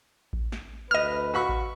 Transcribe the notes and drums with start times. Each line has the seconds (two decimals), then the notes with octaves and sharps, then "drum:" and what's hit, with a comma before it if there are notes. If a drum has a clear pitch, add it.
0.33 drum: kick A1
0.52 drum: snare
0.91 D2 B4 D#5 F6
1.34 F#4 B5 C#6
1.49 drum: kick A1